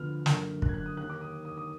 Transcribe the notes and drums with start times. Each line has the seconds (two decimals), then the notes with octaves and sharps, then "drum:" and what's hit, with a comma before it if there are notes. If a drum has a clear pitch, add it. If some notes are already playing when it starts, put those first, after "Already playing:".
Already playing: D2 D3 F3 B3 F6
0.26 F#2 D3 F#3 A#3, drum: snare
0.62 F#6, drum: kick
0.69 G#6
0.74 F#6
0.86 D#6
0.97 D#2 D#3 A#3 F#6
1.10 D6
1.21 D#6
1.45 D#6
1.58 D#6